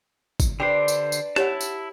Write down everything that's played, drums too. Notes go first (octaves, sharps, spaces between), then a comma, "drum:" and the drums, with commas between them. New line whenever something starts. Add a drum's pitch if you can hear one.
drum: kick, tambourine
D3 D4 G4 B4 C5 G5
drum: tambourine
drum: tambourine
E4 G4 C#5 F#5 A5, drum: rim click
drum: tambourine